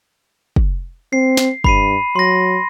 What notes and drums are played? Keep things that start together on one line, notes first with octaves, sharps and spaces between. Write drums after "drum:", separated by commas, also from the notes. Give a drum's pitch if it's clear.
drum: kick
C4 C7
drum: snare
G2 B5 C7 D#7, drum: kick
F#3 C6 A#6